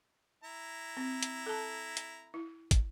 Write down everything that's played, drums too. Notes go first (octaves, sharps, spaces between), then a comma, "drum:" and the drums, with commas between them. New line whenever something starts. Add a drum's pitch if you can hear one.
E4 A#5
C4
drum: hi-hat
A4 A5
drum: hi-hat
E4
drum: kick, hi-hat